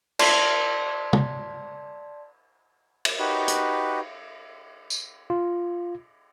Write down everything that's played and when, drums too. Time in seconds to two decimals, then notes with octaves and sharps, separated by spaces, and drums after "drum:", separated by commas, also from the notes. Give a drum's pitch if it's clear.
0.19 D5 A5 C6 G#6 B6, drum: cymbal
1.13 drum: tom
3.05 drum: cymbal
3.19 D#4 F#4 G4 B4
3.48 drum: hi-hat
4.90 drum: tambourine
5.30 F4